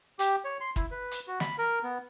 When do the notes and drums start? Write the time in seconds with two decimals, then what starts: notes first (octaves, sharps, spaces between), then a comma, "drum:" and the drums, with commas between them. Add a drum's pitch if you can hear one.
0.19 G4, drum: hi-hat
0.45 C#5
0.61 C6
0.76 E4, drum: kick
0.91 B4
1.11 drum: hi-hat
1.27 F#4
1.40 B5, drum: snare
1.58 A#4
1.83 B3